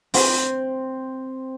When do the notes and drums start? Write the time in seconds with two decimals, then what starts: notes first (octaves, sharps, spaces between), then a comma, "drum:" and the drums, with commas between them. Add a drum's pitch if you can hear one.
0.14 C4, drum: open hi-hat